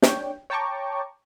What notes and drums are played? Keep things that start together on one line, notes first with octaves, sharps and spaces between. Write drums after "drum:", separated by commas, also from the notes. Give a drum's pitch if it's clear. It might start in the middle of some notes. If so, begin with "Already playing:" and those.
D4 C#5 G5, drum: snare
C#5 G5 A5 A#5 C#6 D6